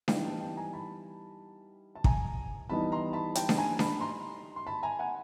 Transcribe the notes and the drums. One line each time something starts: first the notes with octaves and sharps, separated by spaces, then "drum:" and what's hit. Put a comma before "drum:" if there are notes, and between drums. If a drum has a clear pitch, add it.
E3 G3 B3 D#4 F5 G5, drum: snare D4
G5 A5
G5 A5
G#5 A#5
A5 B5
A5
G#5 A#5, drum: kick
E3 G3 B3 D#4 A5 B5
A#5 C6
A5 B5
G5 A5, drum: hi-hat
A5, drum: snare D4
G#5 A#5
A5 B5, drum: snare D4
A#5 C6
C6
A5 B5
G#5 A#5
F#5 G#5